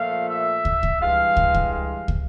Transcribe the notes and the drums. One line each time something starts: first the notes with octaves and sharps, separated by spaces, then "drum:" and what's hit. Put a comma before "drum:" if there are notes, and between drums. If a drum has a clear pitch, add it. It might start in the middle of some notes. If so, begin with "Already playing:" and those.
Already playing: A#2 F3 A3 F5
E5
drum: kick
drum: kick
G2 E3 G#3 F5
drum: kick
drum: kick
F5
drum: kick